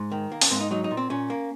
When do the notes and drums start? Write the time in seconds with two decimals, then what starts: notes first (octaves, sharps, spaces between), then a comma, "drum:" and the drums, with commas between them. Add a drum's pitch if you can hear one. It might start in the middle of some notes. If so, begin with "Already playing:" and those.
Already playing: G#2
0.12 D#3
0.32 A#3
0.41 C#4, drum: open hi-hat
0.51 G#2 C4
0.60 D#4
0.71 F#3 D#4
0.84 D#4
0.91 A#2
0.97 C4
1.10 A#2 C#4
1.30 A#3